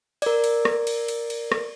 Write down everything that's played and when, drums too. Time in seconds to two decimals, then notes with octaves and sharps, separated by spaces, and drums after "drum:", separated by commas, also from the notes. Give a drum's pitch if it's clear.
0.22 A#4 D5, drum: cymbal
0.44 drum: cymbal
0.65 drum: rim click
0.87 drum: cymbal
1.08 drum: cymbal
1.30 drum: cymbal
1.52 drum: rim click